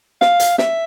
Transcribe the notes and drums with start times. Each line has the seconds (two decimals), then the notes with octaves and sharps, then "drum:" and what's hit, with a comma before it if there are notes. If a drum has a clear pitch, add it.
0.21 F5, drum: snare
0.40 drum: hi-hat
0.58 E5, drum: snare